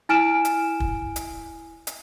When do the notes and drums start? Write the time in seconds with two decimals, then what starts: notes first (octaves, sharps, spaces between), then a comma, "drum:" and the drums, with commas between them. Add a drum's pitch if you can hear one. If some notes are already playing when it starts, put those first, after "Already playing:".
0.09 E4 G#5 F6 D7 E7
0.45 drum: hi-hat
0.80 drum: kick
1.16 drum: hi-hat
1.87 drum: hi-hat